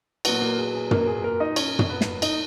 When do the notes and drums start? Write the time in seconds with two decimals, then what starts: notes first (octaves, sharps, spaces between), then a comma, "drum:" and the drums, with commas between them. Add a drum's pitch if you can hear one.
0.25 A#2 F#3 B3 F#4 F#5, drum: cymbal
0.41 A#3 A#4
0.58 G#4
0.74 G#4
0.91 A#3 A#4, drum: tom
1.08 G#4
1.24 A#3 A#4
1.40 D#4 D#5
1.56 C#4 C#5, drum: cymbal
1.79 drum: tom
1.90 B3 B4
2.01 drum: snare
2.22 D#4 D#5, drum: cymbal